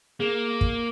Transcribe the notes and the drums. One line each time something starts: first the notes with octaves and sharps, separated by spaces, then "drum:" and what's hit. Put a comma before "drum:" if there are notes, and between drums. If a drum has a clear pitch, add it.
A#3 G#4 E7
drum: kick